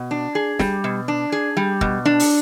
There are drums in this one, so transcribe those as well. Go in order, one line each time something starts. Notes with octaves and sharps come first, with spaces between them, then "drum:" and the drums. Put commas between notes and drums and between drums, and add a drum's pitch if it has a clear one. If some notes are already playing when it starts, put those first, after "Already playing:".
Already playing: B2
D4
G#4
G3, drum: snare
B2
D4
G#4
G3
B2, drum: kick
D4
drum: open hi-hat